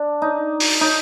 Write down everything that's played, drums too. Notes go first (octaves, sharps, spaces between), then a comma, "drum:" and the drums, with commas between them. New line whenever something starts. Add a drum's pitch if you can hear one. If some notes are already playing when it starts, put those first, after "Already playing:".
Already playing: D4
D#4
drum: open hi-hat
D#4